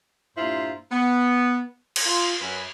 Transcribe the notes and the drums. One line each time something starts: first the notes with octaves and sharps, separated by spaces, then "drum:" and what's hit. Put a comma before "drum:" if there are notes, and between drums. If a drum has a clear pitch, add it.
G2 A#2 E4 F4 C5 A#5
B3
drum: cymbal
F4
F#2 B4 B5